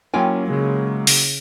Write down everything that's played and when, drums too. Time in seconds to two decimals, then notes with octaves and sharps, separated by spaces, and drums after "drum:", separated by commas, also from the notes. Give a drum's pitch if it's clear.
0.14 F#3 A#3 C#4 E4 F4 G5 G#5
0.48 C#3 G#3
1.07 drum: open hi-hat